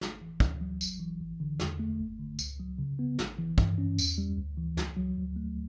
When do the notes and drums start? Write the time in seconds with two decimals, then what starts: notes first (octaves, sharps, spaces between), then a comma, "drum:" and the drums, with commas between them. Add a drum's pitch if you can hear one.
0.01 G1, drum: snare
0.21 E3
0.40 D2, drum: kick
0.61 F#3
0.81 G1, drum: tambourine
1.00 E3
1.21 A1
1.40 D3
1.60 E2, drum: snare
1.79 A3
1.99 G1
2.19 D3
2.39 C#2, drum: tambourine
2.60 F#3
2.79 C#3
2.99 B3
3.19 A1, drum: snare
3.38 E3
3.58 G2, drum: kick
3.78 C#4
3.98 E2, drum: tambourine
4.18 G3
4.37 D2
4.57 E3
4.77 C#2, drum: snare
4.97 F#3
5.18 D2
5.36 A3